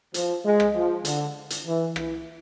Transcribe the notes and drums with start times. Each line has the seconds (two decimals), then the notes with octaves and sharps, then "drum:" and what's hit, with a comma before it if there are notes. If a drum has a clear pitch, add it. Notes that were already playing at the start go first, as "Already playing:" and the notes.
0.14 F3, drum: hi-hat
0.45 G#3
0.60 drum: rim click
0.75 F3
1.05 D3, drum: hi-hat
1.50 drum: hi-hat
1.66 E3
1.96 E3, drum: rim click